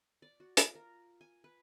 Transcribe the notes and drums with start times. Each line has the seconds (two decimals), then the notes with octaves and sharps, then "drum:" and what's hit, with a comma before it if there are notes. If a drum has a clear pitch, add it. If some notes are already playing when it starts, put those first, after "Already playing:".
0.22 D5
0.40 F#4
0.57 F4, drum: hi-hat
0.75 A#4
1.21 G#5
1.44 B4